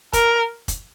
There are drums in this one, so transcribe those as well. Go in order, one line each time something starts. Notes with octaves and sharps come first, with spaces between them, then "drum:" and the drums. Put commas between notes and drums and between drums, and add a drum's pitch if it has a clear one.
A#4, drum: kick, hi-hat
drum: kick, hi-hat